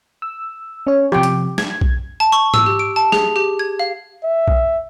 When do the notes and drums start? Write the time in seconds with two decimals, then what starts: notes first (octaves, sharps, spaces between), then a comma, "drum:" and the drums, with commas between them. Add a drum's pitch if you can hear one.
0.22 E6
0.87 C#4 C#5
1.12 C3 F3 G4 G5
1.23 drum: hi-hat
1.58 G#6, drum: snare
1.81 drum: kick B1
2.20 A5
2.32 C#6
2.54 E6, drum: tom G#2
2.66 G4
2.79 D7
2.96 A5
3.12 G#4, drum: snare
3.36 G4
3.59 G#6
3.79 F5
4.24 E5
4.48 drum: kick B1